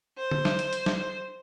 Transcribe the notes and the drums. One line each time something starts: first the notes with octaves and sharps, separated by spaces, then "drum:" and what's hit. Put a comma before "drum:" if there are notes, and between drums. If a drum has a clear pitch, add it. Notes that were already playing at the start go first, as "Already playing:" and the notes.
C5
drum: tom D3
drum: snare
drum: hi-hat
drum: hi-hat
drum: snare